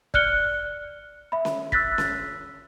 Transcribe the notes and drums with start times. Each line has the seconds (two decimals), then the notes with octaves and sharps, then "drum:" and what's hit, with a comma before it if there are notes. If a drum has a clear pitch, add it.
0.14 D5 F6 F#6 C#7 G7, drum: kick
1.32 E5 B5
1.45 drum: snare C#4
1.72 E6 F#6 A6 B6, drum: kick
1.98 drum: snare C#4